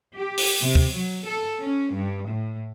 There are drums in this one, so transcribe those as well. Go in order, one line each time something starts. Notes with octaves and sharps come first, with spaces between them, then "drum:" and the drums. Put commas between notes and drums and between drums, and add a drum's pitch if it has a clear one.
G4
drum: open hi-hat
C3
drum: kick
F#3
A4
C#4
G2
A2